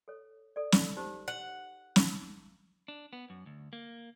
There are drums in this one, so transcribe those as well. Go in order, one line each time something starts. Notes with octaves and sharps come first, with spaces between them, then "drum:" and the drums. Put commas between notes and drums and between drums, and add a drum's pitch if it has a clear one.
A4 C#5
A4 D5
drum: snare
D#4 G4 C5
F#5
drum: snare
D4
B3
F#2
D2
A#3